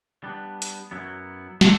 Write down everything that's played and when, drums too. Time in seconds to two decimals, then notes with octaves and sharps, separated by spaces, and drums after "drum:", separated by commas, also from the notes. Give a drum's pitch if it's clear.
0.24 G3 B3 D4
0.62 drum: hi-hat
0.91 F#2 F#3 B3 E4
1.61 D3, drum: snare